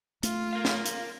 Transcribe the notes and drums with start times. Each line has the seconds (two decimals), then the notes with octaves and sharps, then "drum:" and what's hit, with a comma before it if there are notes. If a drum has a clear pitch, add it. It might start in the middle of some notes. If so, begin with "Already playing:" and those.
0.23 A3 F4, drum: hi-hat
0.53 A#4 F5
0.65 drum: snare
0.86 drum: hi-hat